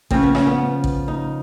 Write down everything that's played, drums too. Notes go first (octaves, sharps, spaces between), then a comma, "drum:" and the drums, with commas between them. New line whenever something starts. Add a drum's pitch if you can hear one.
C#3 F3 C4, drum: kick
B3
C#4, drum: rim click
B3
drum: kick
D#4